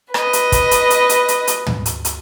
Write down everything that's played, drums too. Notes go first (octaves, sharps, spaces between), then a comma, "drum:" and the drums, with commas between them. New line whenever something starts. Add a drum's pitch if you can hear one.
B4 D#5, drum: rim click
drum: hi-hat
drum: kick, hi-hat
drum: hi-hat
drum: hi-hat
drum: hi-hat
drum: hi-hat
drum: hi-hat
drum: tom
drum: hi-hat
drum: hi-hat